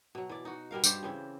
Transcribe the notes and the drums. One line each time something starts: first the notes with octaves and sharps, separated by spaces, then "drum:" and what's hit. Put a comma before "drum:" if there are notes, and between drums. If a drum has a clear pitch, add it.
B2 F#3
E3 D5
D#4 F#4
B2 G3 A#4 F5
G2 G4 C5 D5, drum: tambourine
C#3 E3 C4